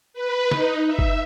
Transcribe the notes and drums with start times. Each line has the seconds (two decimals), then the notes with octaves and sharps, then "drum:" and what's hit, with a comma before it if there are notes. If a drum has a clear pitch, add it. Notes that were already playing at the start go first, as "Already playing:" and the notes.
0.13 B4
0.51 D#4, drum: snare
0.86 E5
0.99 drum: kick F#1